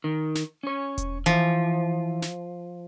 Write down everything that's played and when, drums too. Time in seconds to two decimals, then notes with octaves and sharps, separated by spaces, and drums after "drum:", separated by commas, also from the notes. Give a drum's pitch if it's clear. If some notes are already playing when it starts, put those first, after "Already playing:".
0.04 D#3
0.35 drum: snare
0.63 C#4 C#5
0.98 drum: kick E1, hi-hat
1.26 E3 F3
2.22 drum: snare